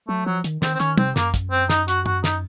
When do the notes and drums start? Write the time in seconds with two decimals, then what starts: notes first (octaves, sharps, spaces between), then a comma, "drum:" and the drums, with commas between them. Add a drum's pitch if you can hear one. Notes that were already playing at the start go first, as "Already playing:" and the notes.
0.08 F#3 A3
0.26 F3 F#3
0.44 D#3, drum: hi-hat
0.62 D#3 C4, drum: snare
0.75 C4
0.79 D#3 C#4, drum: hi-hat
0.97 C3 C4, drum: tom
1.16 F#2 A#3, drum: snare
1.34 drum: kick, hi-hat
1.51 C4
1.69 D#4, drum: snare
1.88 F#4, drum: hi-hat
2.06 F#4, drum: tom
2.24 D#4, drum: snare